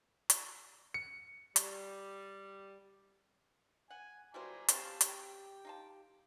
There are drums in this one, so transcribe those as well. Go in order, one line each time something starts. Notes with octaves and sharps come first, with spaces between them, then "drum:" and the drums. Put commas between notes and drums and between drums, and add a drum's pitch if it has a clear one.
drum: hi-hat
C#7
G3, drum: hi-hat
F#5 G#5
G3 E4 F#4 C5 G#5 A#5 D6
C4 C#4 G4 C5 F5 A5, drum: hi-hat
G5, drum: hi-hat
D#4 F4 A5